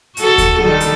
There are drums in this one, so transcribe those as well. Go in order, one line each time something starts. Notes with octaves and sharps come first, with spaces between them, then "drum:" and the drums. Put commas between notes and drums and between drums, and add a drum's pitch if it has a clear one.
F#4 A4, drum: hi-hat
drum: kick D2, hi-hat
D#3 G3 A4
drum: hi-hat